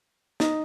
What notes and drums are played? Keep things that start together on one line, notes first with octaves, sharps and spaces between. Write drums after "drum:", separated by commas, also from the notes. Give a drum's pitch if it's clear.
D#4, drum: snare